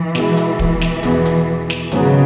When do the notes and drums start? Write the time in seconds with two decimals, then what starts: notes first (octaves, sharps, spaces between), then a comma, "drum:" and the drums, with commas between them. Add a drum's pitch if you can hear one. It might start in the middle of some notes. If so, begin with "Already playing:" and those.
Already playing: E3
0.15 B2 G#3 E4, drum: snare
0.37 drum: hi-hat
0.59 drum: kick
0.81 drum: snare
1.03 E2 B2 B3 G#4, drum: hi-hat
1.26 drum: hi-hat
1.70 drum: snare
1.92 G#1 G#2 C#3 F#3 B3 G#4, drum: hi-hat